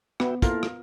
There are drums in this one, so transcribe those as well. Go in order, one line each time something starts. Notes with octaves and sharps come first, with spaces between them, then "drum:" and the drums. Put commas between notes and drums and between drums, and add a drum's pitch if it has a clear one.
B3 F#4 E5 G5, drum: rim click
A#3 E4 F4 A4 A#4, drum: kick, hi-hat
drum: rim click